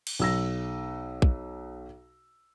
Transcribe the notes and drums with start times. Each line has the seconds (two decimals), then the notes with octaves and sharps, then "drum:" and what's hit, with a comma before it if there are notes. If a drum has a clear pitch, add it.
0.07 drum: cymbal
0.19 B1 E6 A#6
1.22 drum: kick